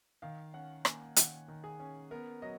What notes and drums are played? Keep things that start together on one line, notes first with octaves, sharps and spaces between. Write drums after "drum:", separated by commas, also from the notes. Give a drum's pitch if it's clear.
D#3 F5
C#4 F#5
A#3 G#5, drum: rim click
D#3 F#5, drum: hi-hat
D#3
G#4
C#4
B3 A#4
F#3 D#5